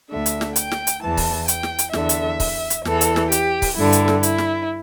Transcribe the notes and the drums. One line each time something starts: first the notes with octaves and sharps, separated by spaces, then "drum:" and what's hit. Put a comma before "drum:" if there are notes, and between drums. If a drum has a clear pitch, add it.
D2 D3 E5
drum: hi-hat
drum: snare
G5, drum: hi-hat
drum: snare
drum: hi-hat
E2 E3 A5
drum: kick C#1, open hi-hat
G5, drum: hi-hat
drum: snare
drum: hi-hat
E2 D3 E5, drum: snare
drum: hi-hat
drum: kick C#1, open hi-hat
drum: hi-hat
E2 E3 A4, drum: snare
drum: hi-hat
drum: snare
G4, drum: hi-hat
drum: kick C#1, open hi-hat
G2 D3 E4
drum: hi-hat
drum: snare
E4, drum: hi-hat
drum: snare